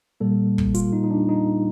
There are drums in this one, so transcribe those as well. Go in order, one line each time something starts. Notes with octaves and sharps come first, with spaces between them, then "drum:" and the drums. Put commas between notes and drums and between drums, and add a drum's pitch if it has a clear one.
A#2 G3 A#3 A4
drum: kick
F4, drum: hi-hat
D#4
D#4
D4
D#4